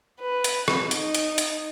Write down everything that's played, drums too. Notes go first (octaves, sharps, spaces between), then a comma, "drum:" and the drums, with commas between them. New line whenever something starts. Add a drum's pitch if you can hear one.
B4
drum: hi-hat
drum: rim click
D#4, drum: hi-hat
drum: hi-hat
drum: hi-hat